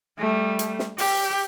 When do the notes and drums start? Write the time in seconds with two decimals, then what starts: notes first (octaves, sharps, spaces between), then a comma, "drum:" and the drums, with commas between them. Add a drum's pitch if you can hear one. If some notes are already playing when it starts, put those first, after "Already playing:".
0.19 G3 A3
0.59 drum: hi-hat
0.79 drum: snare
0.98 G4, drum: open hi-hat